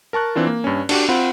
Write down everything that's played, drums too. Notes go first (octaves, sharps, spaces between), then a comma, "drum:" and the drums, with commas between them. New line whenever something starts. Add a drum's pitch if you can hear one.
A#4 A5 C#6 F#6
E3 C4 D4 F4
A#3
G2 C#4
D4 F#4 G4, drum: cymbal
C4 F4 F#5 B5